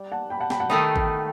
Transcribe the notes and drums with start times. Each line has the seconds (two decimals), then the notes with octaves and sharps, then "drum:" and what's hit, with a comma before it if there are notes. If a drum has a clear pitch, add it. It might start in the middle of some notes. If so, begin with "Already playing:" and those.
Already playing: G3
0.12 F#5 A5
0.30 G5 B5
0.40 F#5 A5
0.50 G5 B5, drum: snare
0.60 F#5 A5
0.70 D#3 A3 D#4 G5 B5
0.96 drum: kick